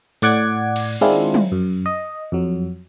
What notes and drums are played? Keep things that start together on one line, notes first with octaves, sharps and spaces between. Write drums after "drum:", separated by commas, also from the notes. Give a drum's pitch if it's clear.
A2 D5 F#5 D6 G#6, drum: open hi-hat
drum: cymbal
D#3 G#3 C4 D4 E4 F4
drum: tom
F#2
D#5
F2 F#3